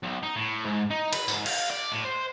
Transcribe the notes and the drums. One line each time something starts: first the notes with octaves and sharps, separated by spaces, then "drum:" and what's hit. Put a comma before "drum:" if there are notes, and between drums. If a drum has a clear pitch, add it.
B1
D#4
A2
G#2
D#4
B4, drum: cymbal
G#2, drum: tambourine
F5, drum: cymbal
D5
A2
C5